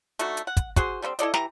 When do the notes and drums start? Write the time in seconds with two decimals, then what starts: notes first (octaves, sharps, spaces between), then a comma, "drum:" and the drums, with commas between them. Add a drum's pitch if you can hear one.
0.19 D3 A3 D#4 F#4, drum: hi-hat
0.37 drum: hi-hat
0.47 F#5
0.57 drum: kick, hi-hat
0.76 F#4 G#4 C5, drum: kick, hi-hat
1.02 D3 G3 B3 C4
1.19 E4 A4 D5 D#5, drum: hi-hat
1.34 E3 G4 A#5, drum: snare